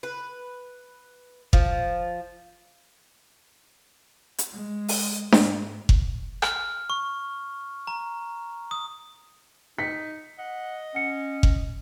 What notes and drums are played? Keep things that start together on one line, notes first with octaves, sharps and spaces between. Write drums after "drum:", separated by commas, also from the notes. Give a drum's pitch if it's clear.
B4
F3, drum: kick F#1
drum: hi-hat
G#3
drum: open hi-hat
G#2, drum: snare D4
drum: kick F#1
F6, drum: rim click
C#6
A#5
D#6
D#4 B6 C#7
D#5 F#5
C#4 F#5 C#7
drum: kick F#1